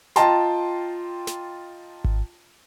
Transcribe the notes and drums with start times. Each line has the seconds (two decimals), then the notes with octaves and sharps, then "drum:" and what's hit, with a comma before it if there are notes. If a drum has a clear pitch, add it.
0.16 F4 D#5 G5 A5 A#5 C6, drum: snare
1.27 drum: snare
2.04 drum: kick G#1